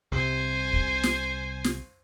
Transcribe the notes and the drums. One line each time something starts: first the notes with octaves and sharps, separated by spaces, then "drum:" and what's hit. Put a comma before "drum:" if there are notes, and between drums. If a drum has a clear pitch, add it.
C2 C3 C5 G#5
drum: kick
drum: snare
drum: snare